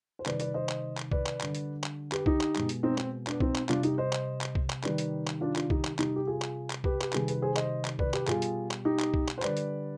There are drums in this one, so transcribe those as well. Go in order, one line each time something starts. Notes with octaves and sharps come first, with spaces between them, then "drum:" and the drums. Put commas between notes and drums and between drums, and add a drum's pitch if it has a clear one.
C5
C3 D#3 G3 B4 D5, drum: clap
B4 D5, drum: hi-hat
C5 D#5
drum: clap
drum: clap
B4 D5, drum: kick
drum: clap
D3 G3, drum: clap
drum: hi-hat
drum: clap
G4 B4, drum: clap
D#4 G4, drum: kick
drum: clap
B2 G#3, drum: clap
drum: hi-hat
C4 D#4
C4, drum: clap
B3 D4, drum: clap
C4 D#4, drum: kick
drum: clap
C3 G3 D4 F4, drum: clap
D#4 G4, drum: hi-hat
C5 D#5
drum: clap
drum: clap
drum: kick
drum: clap
C3 D#3 G3 B4 D5, drum: clap
drum: hi-hat
drum: clap
D4 F4
D4 F4, drum: clap
D#4 G4, drum: kick
drum: clap
C3 G3 D#4 G4, drum: clap
G4
F4 G#4
drum: clap
drum: clap
G4 B4, drum: kick
G4, drum: clap
C3 D#3 G3 G#4, drum: clap
B4, drum: hi-hat
G#4 C5
C5 D#5, drum: clap
drum: clap
B4 D5, drum: kick
G4 B4, drum: clap
B2 G3 F4 G#4, drum: clap
drum: hi-hat
drum: clap
D#4 G4
drum: clap
drum: kick
drum: clap
C5
D3 G3 B4 D5, drum: clap
drum: hi-hat